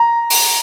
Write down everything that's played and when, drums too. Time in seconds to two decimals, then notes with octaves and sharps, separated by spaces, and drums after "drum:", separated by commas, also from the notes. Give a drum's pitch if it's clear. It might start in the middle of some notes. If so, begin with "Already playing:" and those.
Already playing: A#5
0.30 drum: open hi-hat